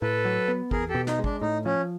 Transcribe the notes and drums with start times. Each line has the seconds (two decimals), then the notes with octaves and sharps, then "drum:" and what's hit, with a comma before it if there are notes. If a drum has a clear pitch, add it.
0.02 A2 A4 B4
0.25 F#3
0.48 B3
0.71 E2 G#4 A#4, drum: kick
0.89 G4 A4
0.95 B2
1.07 D#4, drum: snare
1.19 G#3
1.24 D4, drum: kick
1.42 A2 D#4
1.65 F3 C#4